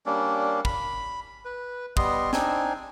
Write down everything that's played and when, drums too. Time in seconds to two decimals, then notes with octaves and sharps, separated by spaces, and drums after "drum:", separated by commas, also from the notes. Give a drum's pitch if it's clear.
0.06 G3 A#3 C#4 D4
0.65 B5, drum: kick
1.45 B4
1.97 G3 B3 D#5 C6, drum: kick
2.33 C4 D4 D#4 G#5, drum: snare